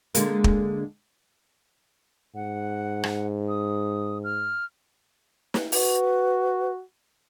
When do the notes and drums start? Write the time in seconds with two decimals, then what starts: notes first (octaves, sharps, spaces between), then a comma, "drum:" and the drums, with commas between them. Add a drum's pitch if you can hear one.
0.15 D3 G#3 A#3, drum: hi-hat
0.44 drum: kick
2.35 G#2 F#5
3.04 drum: rim click
3.49 D#6
4.24 F6
5.54 drum: snare
5.72 F#4 B4, drum: open hi-hat